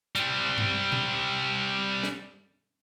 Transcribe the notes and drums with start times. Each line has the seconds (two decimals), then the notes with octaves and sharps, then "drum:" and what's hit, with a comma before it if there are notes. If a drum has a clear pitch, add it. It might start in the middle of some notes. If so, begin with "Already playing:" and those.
0.16 G3 C4, drum: hi-hat
0.58 drum: tom G2
0.92 drum: tom A#2
2.03 drum: snare